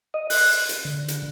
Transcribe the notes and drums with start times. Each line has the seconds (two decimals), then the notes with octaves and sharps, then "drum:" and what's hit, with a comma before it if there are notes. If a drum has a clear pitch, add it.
0.14 D#5
0.30 F#6, drum: open hi-hat
0.69 drum: hi-hat
0.85 D3
1.08 drum: hi-hat